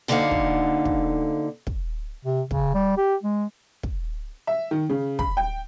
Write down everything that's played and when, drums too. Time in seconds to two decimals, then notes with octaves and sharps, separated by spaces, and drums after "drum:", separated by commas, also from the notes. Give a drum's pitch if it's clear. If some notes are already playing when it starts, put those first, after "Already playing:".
0.08 D2 D3 A#3 D#4 F5 F#5
0.31 drum: kick
0.85 drum: kick
1.67 drum: kick
2.25 C3
2.51 C#3, drum: kick
2.74 G3
2.97 G4
3.23 G#3
3.83 drum: kick
4.47 E5
4.71 D#3
4.89 C#3
5.19 B5, drum: kick
5.37 G5